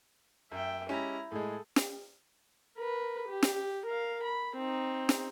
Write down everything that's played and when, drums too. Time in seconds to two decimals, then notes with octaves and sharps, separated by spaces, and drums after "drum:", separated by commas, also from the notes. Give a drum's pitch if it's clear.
0.52 F#2 E5 G5
0.89 G#3 C#4 E4 G4 A#5
1.32 A2 G#3 G#4 A4
1.76 drum: snare
2.77 A#4 B4
3.28 G4
3.43 drum: snare
3.86 A#4 F5
4.24 B5
4.56 C4 D#4
5.09 drum: snare